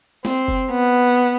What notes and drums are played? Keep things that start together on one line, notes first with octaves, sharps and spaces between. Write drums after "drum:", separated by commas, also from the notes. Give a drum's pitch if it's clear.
C4, drum: snare
drum: kick F#1
B3